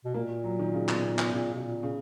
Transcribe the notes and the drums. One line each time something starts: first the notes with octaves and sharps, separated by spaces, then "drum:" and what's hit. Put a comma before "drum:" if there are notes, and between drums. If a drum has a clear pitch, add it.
B2
A#2 A#3
F#3
D#3
C#3
B2, drum: clap
B2
B2, drum: clap
A#2 C#3
B2
A#2
C#3